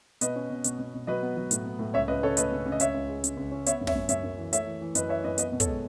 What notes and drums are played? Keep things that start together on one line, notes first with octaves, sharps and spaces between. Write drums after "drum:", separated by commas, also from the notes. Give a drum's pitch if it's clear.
B2 B4 D#5, drum: hi-hat
C#4
B2
B2, drum: hi-hat
B2
B2
F#3 B4 D#5
B3
F#3
A2, drum: hi-hat
B3
A2
C#2 C#5 E5
C#2 B4 D#5
C#3 A4 C#5
A3 B4 D#5, drum: hi-hat
C#3
C#3
D#5
C#2 C#5 E5, drum: hi-hat
C#2
G#3
C#3, drum: hi-hat
C#2
C#4
B3 C#5 E5, drum: hi-hat
F#2
C#5 E5, drum: snare
F#2
F#2 C#5 E5, drum: hi-hat
F#2
E3
A3 C#5 E5, drum: hi-hat
E3
E3
F#2 B4 D#5, drum: hi-hat
E3 C#5 E5
F#2 B4 D#5
B3 B4 D#5, drum: hi-hat
B2
A4 C#5, drum: kick, hi-hat
G#3